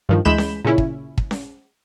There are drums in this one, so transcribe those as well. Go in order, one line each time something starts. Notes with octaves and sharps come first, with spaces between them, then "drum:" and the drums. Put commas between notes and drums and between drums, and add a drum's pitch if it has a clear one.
G2 D#3 F3
D2 E3 G#3 B5 G6 E7
drum: snare C#4
A#2 C#3 C#4 E4
drum: kick
drum: kick
drum: snare C#4